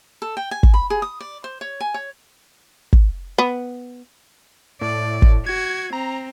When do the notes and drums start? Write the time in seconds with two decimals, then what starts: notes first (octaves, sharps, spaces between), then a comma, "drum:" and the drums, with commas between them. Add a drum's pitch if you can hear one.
0.22 A4
0.37 G5
0.51 G#5
0.63 drum: kick
0.74 B5
0.90 G#4
1.02 D#6
1.21 D5
1.44 C5
1.61 C#5
1.81 G#5
1.94 C#5
2.93 drum: kick
3.38 B3
4.81 A2 D5
5.22 drum: kick
5.46 F#4 G#6
5.93 C4 A#5